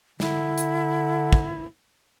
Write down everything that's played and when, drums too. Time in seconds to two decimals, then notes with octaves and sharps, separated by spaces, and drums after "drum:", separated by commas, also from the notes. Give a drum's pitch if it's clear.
0.20 D3 E4, drum: snare
0.58 drum: hi-hat
1.33 drum: kick